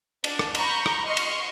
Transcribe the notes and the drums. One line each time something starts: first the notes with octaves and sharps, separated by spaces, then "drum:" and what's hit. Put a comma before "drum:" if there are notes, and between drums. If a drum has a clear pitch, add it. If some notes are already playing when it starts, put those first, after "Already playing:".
D4, drum: cymbal
drum: rim click
A#5 B5 C#6 G6, drum: cymbal
drum: rim click
D#5 C6 C#6 F6
drum: cymbal